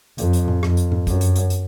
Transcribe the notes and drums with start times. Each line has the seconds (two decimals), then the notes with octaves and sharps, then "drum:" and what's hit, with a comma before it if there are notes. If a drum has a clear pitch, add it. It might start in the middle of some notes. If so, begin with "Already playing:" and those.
0.18 F2, drum: hi-hat
0.33 drum: hi-hat
0.48 drum: tom A2
0.63 F2, drum: rim click
0.77 drum: hi-hat
0.92 drum: tom G#2
1.07 F#2, drum: kick, hi-hat
1.21 drum: hi-hat
1.36 drum: hi-hat
1.50 drum: hi-hat